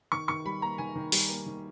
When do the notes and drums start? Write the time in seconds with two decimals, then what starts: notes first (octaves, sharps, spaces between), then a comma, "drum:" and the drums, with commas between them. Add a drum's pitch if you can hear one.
0.12 D#3 C#6
0.28 D#3 C#6
0.45 G3 B5
0.62 A#3 A#5
0.78 D#3 G#5
0.96 D#3
1.12 G3, drum: open hi-hat
1.29 A#3
1.46 D#3